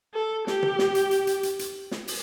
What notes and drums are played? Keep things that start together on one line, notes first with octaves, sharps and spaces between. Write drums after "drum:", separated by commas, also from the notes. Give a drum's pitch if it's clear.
A4
G4, drum: snare
drum: tom
drum: snare
drum: hi-hat
drum: hi-hat
drum: hi-hat
drum: hi-hat
drum: hi-hat
drum: snare
drum: open hi-hat